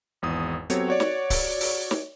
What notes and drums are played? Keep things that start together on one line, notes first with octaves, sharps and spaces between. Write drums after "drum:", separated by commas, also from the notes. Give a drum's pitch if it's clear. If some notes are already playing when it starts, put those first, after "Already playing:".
G#1 E2 D#6
F#3 B3 C4 G4 A4 C#5, drum: hi-hat
F#4 C#5 D5
drum: snare
drum: kick C#1, open hi-hat
drum: open hi-hat
drum: snare